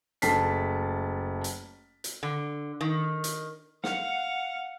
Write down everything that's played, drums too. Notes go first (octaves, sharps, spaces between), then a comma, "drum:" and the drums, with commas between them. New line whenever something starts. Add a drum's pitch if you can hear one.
F#1 A3 A5 B6 C7, drum: hi-hat
drum: hi-hat
drum: hi-hat
D3
D#3
drum: hi-hat
F5 F#5, drum: snare